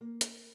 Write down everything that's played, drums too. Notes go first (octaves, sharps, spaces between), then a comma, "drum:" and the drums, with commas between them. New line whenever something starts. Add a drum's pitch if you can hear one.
A#3
drum: hi-hat